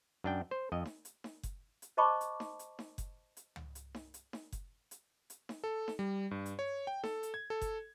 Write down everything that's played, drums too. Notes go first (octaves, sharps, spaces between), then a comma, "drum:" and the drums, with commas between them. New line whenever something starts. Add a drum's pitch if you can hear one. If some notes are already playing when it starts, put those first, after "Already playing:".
F#2 D4 G5
C5
F2 D#5
drum: snare D#4
drum: hi-hat
drum: snare D#4
drum: kick F#1, hi-hat
drum: hi-hat
C5 D#5 A5 B5 C#6 D6
drum: hi-hat
drum: snare D#4
drum: hi-hat
drum: snare D#4
drum: kick F#1, hi-hat
drum: hi-hat
drum: tom
drum: hi-hat
drum: snare D#4
drum: hi-hat
drum: snare D#4
drum: kick F#1, hi-hat
drum: hi-hat
drum: hi-hat
drum: snare D#4
A4
drum: snare D#4
G3
G2
drum: hi-hat
C#5
G5
A4, drum: snare D#4
drum: hi-hat
G#6
A4
drum: kick F#1, hi-hat